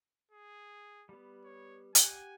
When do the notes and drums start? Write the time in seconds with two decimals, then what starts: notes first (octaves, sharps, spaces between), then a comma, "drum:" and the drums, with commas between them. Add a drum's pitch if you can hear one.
0.31 G#4
1.09 G3 B3
1.45 C#5
1.95 G4 F#5 G#5, drum: hi-hat